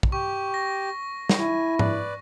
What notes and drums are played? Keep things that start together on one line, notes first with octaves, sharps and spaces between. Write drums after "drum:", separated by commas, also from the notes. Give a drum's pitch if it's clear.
drum: kick
G4 C#6
A#6
drum: snare
E4 G#5
B4 D5, drum: tom G#2